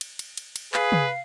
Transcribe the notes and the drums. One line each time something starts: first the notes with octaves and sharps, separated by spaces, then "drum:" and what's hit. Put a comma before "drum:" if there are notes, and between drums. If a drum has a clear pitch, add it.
drum: cymbal
drum: cymbal
drum: cymbal
drum: cymbal
G#4 B4 F5, drum: clap
drum: tom